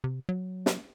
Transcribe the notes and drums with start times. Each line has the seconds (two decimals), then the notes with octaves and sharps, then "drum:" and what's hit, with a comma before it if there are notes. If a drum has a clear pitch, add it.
0.04 C3
0.29 F#3
0.66 drum: snare